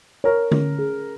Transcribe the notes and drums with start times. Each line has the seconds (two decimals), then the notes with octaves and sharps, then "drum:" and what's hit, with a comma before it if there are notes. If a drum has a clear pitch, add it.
0.24 A#4 C#5
0.51 C#4, drum: tom D3
0.79 G#4